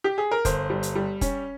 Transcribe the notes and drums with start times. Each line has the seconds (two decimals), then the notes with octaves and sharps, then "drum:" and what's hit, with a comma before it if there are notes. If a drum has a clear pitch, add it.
0.04 G4
0.18 G#4
0.31 A#4
0.45 G1 C5, drum: kick F1, hi-hat
0.70 G3
0.83 drum: hi-hat
0.95 G3
1.21 C#4, drum: kick F1, hi-hat